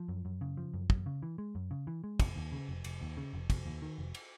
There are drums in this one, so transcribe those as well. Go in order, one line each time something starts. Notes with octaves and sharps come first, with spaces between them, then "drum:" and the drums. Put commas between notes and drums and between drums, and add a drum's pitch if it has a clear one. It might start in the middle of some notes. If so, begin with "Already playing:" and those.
Already playing: F3
F#2
F#2
C#3
F3
F#2
F#2, drum: kick
C#3
E3
G#3
F#2
C#3
E3
G#3
F1, drum: kick, cymbal
D#2
C#3
F1
F1, drum: cymbal
D#2
C#3
F1
F1, drum: kick, cymbal
D#2
D#3
F1
drum: cymbal